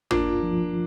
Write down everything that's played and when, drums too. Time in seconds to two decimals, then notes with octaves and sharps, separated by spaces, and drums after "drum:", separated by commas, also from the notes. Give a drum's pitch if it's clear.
0.11 A#3 D4 F4, drum: tom G#1
0.43 F3